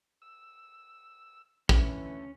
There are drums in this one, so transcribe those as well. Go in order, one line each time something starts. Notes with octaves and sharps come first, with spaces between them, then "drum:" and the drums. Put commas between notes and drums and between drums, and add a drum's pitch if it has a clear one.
E6
D2 E3 C#4, drum: kick